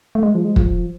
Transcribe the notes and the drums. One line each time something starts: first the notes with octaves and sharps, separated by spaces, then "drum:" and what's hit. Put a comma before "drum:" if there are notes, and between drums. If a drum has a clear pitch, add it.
A3
G#3
F3
G#3
F3, drum: kick